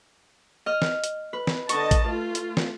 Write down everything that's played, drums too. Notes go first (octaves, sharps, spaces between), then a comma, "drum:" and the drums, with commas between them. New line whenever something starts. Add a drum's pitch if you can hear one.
D#5 F6
drum: snare
drum: hi-hat
B4
drum: snare
D3 D#5 A5 C#6, drum: hi-hat
drum: kick A1, hi-hat
A3 F4
drum: hi-hat
drum: snare